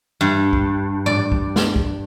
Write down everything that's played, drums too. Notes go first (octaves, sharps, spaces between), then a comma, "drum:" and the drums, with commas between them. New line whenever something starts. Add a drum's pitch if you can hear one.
G2
drum: kick
D5, drum: tom G#2
drum: kick
drum: snare
drum: kick